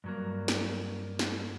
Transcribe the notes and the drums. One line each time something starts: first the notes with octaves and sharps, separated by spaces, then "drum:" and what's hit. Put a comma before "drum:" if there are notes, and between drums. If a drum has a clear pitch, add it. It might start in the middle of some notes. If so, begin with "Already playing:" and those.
G2 F#3 A#3
drum: snare
drum: snare